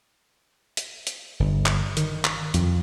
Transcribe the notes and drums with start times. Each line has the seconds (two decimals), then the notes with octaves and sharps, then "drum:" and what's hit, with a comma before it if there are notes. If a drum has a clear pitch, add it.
0.77 drum: hi-hat
1.07 drum: hi-hat
1.40 G1
1.66 drum: clap
1.97 D#3, drum: hi-hat
2.25 drum: clap
2.54 F2, drum: hi-hat